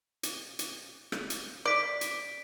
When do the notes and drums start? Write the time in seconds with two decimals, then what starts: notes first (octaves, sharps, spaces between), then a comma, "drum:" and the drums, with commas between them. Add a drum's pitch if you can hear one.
0.23 drum: hi-hat
0.59 drum: hi-hat
1.12 drum: rim click
1.30 drum: hi-hat
1.66 D5 B6 D7
2.01 drum: hi-hat